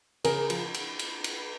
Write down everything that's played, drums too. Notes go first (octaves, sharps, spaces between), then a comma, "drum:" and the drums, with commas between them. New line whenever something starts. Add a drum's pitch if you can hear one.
C#3 G#4 A#4, drum: cymbal
F3, drum: cymbal
drum: cymbal
drum: cymbal
drum: cymbal